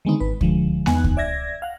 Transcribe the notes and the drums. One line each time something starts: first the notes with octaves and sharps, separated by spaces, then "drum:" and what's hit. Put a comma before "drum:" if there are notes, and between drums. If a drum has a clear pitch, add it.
D3 D#3 G#3 B3 C4 D#4
G#1 B4
D3 F3 G#3, drum: kick C#2
E2 B3 D#4 G#5 F#6, drum: snare G#3
drum: kick C#2
D5 E5 G#6 A#6
F5 F#5